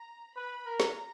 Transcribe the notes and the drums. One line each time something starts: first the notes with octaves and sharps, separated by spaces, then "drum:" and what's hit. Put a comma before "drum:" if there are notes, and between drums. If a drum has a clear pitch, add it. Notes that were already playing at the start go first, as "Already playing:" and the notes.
Already playing: A#5
B4 B5
A#4
A#5, drum: snare